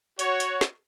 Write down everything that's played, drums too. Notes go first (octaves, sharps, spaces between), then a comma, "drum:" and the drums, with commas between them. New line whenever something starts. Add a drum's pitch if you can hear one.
F#4 C#5, drum: hi-hat
drum: hi-hat
drum: snare